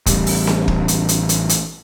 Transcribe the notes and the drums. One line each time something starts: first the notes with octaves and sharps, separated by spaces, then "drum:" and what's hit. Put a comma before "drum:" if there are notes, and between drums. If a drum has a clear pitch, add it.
A1 G3, drum: kick, hi-hat
drum: open hi-hat
drum: snare C4
drum: kick
drum: hi-hat
drum: hi-hat
drum: hi-hat
drum: hi-hat